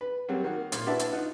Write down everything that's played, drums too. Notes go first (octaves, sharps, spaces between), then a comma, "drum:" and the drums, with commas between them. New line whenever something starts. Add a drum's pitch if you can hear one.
B4
F#3 G3 A#3 C4 F#4
D#3 A#3 F#4
A#2, drum: hi-hat
D4 E4 F#4 B4 E5 A5
drum: hi-hat
D#4 F4 F#5